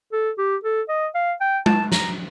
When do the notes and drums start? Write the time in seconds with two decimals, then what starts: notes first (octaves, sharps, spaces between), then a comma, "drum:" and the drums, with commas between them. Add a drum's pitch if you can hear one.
0.12 A4
0.38 G4
0.64 A4
0.89 D#5
1.15 F5
1.40 G5
1.66 A5, drum: tom G#3
1.92 A#5, drum: snare